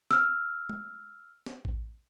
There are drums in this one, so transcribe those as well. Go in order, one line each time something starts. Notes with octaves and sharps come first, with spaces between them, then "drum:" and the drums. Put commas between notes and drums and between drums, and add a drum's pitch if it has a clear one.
E6 F6, drum: snare
drum: tom G#3
drum: snare
drum: kick A1